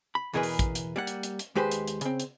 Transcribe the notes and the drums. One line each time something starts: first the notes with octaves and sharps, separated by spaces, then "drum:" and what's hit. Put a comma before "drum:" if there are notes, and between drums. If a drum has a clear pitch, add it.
B5
E2 B2 E3 G#4 A#4 B4
drum: open hi-hat
drum: kick, hi-hat
drum: hi-hat
G3 A#3 F#5
drum: hi-hat
drum: hi-hat
drum: hi-hat
D#2 G#3 G4 B4 C5
drum: hi-hat
drum: hi-hat
C#3 C4, drum: hi-hat
drum: hi-hat